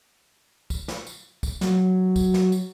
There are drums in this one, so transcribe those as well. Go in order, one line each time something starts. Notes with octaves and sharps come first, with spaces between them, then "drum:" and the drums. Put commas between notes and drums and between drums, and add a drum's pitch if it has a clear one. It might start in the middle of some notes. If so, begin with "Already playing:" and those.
drum: kick, tambourine
drum: snare
drum: tambourine
drum: kick, tambourine
F#3, drum: snare
drum: kick, tambourine
drum: snare
drum: tambourine